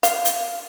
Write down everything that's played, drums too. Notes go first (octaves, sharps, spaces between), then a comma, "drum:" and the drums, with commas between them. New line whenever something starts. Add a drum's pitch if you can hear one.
F5, drum: hi-hat
drum: hi-hat